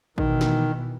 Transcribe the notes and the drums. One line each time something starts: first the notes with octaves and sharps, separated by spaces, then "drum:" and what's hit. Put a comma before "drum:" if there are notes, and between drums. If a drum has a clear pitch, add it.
B2 D#3 E3, drum: kick
drum: snare